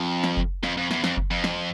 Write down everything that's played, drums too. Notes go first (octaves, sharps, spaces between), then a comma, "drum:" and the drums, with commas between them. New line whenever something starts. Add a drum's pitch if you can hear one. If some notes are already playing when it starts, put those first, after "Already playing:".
Already playing: F2
drum: snare
drum: kick F#1
F2, drum: snare
F2
E2, drum: snare
F2, drum: snare
drum: kick F#1
F2
drum: snare